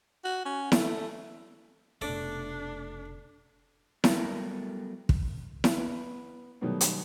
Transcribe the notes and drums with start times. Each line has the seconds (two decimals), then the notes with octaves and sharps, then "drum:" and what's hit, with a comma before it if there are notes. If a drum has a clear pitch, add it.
0.24 F#4
0.45 C#4
0.72 A3, drum: snare E4
2.01 F1 B2 A3 D4 D5
4.04 F#3 G3 A3 B3 A4 A#4, drum: snare E4
5.09 drum: kick
5.64 drum: snare E4
5.78 B3
6.61 B2 D#3 F#3 G3 A3 B3
6.81 drum: hi-hat